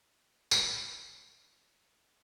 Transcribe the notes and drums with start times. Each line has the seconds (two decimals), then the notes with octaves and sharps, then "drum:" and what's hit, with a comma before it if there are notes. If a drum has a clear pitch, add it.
0.51 drum: tambourine
0.84 G#2 C#5 E5
1.52 E3 B3